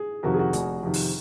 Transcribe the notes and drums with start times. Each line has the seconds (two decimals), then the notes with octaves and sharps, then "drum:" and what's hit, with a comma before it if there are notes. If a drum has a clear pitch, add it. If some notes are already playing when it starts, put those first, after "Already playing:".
Already playing: G#4
0.23 F2 C3 D#3 F#4 A#4
0.34 G#4
0.39 F#4
0.53 F1, drum: hi-hat
0.83 F2 C3 D#3
0.94 drum: open hi-hat